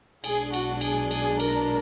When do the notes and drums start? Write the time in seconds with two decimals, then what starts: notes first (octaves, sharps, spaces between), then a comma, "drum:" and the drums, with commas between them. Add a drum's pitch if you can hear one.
0.24 B1 B2 G#3 D4 G#4, drum: cymbal
0.53 F#4, drum: cymbal
0.81 G#4, drum: cymbal
1.11 G#4, drum: cymbal
1.40 A#4, drum: cymbal